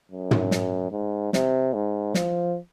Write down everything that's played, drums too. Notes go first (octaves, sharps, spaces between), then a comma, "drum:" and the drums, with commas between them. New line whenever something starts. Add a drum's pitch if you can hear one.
F#2
drum: tom
drum: snare
G#2
C3, drum: snare
G#2
F3, drum: snare